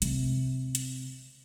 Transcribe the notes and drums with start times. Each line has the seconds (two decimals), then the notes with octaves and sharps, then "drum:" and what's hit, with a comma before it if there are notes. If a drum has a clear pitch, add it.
0.02 C3, drum: hi-hat
0.75 drum: hi-hat